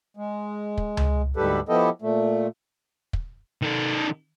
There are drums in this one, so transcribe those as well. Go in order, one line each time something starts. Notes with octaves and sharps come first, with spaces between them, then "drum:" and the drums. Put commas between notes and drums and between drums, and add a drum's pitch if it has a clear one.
G#3
drum: kick
drum: tom C#2
D2 G#2 G3 G4 A4 B4
F3 B3 E4 G4 A4 D#5
A#2 A3
drum: kick
D#3 A4